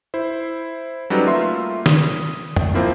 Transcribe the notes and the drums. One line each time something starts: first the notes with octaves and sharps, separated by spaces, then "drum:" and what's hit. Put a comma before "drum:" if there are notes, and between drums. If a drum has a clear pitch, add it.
E4 C5
F#3 G3 C#4 D#4 A4 B4
A3 A#3 F4 E5 C6
D#6, drum: snare
drum: tom
F3 A#3 C4 E4 F4